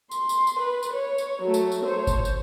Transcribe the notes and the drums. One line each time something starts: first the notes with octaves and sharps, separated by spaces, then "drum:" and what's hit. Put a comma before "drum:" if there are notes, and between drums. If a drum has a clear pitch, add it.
C6, drum: tambourine
drum: tambourine
drum: tambourine
B4
drum: tambourine
C#5
drum: tambourine
F#3 A3
drum: tambourine
drum: tambourine
C5 C#5
drum: kick G1, tambourine
drum: tambourine